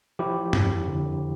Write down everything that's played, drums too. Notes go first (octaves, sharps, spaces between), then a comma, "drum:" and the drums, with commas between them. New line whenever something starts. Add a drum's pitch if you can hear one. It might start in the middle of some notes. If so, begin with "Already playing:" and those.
F3 E4 G4
F2, drum: tom G2
D3